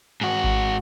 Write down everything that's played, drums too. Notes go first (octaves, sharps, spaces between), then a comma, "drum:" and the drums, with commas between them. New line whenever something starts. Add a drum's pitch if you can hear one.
G#2 F#4
drum: kick G#1